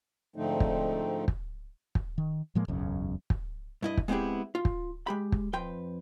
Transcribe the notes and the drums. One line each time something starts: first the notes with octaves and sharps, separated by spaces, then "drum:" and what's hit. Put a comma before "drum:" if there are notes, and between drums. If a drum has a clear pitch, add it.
G#2 D3 F3 A3 C4 D#4
drum: kick
drum: kick
drum: kick
D#3
A2 F3 G#3 A#3
E1 B1 F#2 C#3
drum: kick
G2 E4 D#5
drum: kick
G#3 B3 C4 E4 G4 G#4
F4
drum: kick
G#3 G4 B5
drum: kick
F2 B4 G5 C6